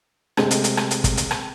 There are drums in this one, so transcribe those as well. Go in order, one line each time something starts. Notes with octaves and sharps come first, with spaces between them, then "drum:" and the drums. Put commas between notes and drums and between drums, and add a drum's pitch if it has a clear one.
C3 G#3 A3 C4, drum: rim click
drum: hi-hat
drum: hi-hat
drum: rim click
drum: hi-hat
drum: kick, hi-hat
drum: hi-hat
drum: rim click